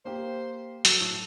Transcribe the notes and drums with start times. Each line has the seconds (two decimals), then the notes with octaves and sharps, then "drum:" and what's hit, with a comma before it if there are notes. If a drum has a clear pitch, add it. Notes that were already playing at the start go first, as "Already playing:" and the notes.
0.05 A#3 G4 C5
0.85 F#3 A4, drum: hi-hat
1.01 A2